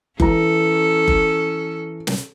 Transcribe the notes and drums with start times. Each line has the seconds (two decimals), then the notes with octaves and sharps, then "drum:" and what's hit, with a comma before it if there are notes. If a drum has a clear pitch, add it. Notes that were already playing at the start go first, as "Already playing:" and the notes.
0.20 E3 C#4 A4 A#5, drum: kick F#1
1.08 drum: kick F#1
2.07 drum: snare